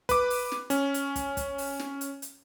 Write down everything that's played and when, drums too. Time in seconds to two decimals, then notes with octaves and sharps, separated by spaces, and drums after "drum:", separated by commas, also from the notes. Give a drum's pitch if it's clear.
0.09 B4 D6, drum: kick, hi-hat
0.30 drum: open hi-hat
0.52 drum: snare
0.70 C#4, drum: hi-hat
0.94 drum: hi-hat
1.16 drum: kick, hi-hat
1.37 drum: kick, hi-hat
1.58 drum: open hi-hat
1.79 drum: snare
2.01 drum: hi-hat
2.22 drum: hi-hat